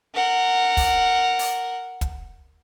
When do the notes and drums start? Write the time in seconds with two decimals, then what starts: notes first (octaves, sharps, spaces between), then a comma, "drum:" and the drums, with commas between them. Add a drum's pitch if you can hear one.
0.15 A#4 F#5
0.77 drum: kick, open hi-hat
1.39 drum: open hi-hat
2.01 drum: kick, hi-hat